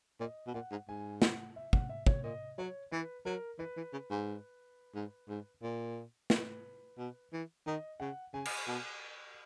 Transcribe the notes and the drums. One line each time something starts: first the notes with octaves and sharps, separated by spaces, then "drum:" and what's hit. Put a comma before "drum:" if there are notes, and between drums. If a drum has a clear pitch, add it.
A#2 D#5
B2
A#2 F#5
G#2
G#2 G#5
F#5, drum: snare
E5
F#5, drum: kick
E5
C#5, drum: kick
A#2 D#5
F#3 C#5
E3 B4
F#3 A#4
E3 B4
E3
C#3
G#2
G#2
G#2
A#2
B4, drum: snare
B2
E3
D#3 D#5
C#3 F#5
C#3 G#5
drum: cymbal
B2